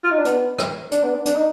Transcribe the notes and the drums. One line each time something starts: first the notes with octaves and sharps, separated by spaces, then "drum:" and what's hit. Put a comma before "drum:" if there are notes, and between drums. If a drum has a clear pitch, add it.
F4
D#4
D4
B3, drum: hi-hat
drum: rim click
D4, drum: hi-hat
B3
D4
D4, drum: hi-hat
D#4